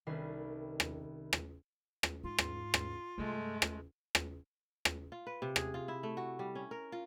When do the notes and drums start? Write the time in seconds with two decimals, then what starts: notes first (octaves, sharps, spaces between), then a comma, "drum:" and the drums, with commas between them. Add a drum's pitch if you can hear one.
0.07 C2 D#3 C#4 A4 B4 C7
0.80 drum: rim click
1.33 drum: rim click
2.03 drum: rim click
2.23 G#2 F4
2.38 drum: rim click
2.74 drum: rim click
3.18 G2 C3 G#3 A3
3.62 drum: rim click
4.15 drum: rim click
4.85 drum: rim click
5.12 F4
5.27 B4
5.42 C3
5.56 G#4, drum: rim click
5.74 F4
5.88 E4
6.03 A3
6.17 F#4
6.39 G3
6.55 C#4
6.71 A#4
6.92 F4